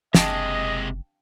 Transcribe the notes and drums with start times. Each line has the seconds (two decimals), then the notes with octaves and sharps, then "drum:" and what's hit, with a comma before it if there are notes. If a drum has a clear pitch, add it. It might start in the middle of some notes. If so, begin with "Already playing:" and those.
0.15 F#1 C3 G#3 D#5 F5 G5 A5, drum: snare